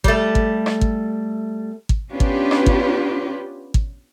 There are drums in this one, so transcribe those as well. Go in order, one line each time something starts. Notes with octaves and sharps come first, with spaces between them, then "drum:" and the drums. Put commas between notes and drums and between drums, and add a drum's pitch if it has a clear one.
G3 A3, drum: kick
drum: kick
drum: rim click
drum: kick
drum: kick
B3 C#4 D4 F4 G4 B4
drum: kick
drum: rim click
drum: kick
drum: kick